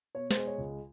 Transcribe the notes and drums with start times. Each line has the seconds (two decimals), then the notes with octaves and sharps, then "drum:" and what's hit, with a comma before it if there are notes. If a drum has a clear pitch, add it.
0.15 B2 C#5
0.31 C5, drum: snare
0.37 G#3
0.47 C#5
0.58 C#2